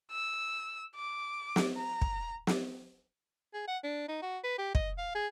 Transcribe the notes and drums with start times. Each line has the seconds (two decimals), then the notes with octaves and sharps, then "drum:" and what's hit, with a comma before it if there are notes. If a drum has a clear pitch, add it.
0.11 E6
0.95 D6
1.56 drum: snare
1.76 A#5
2.02 drum: kick
2.47 drum: snare
3.54 G#4
3.68 F#5
3.84 D4
4.08 D#4
4.22 F#4
4.44 B4
4.59 G4
4.75 D#5, drum: kick
4.98 F5
5.15 G#4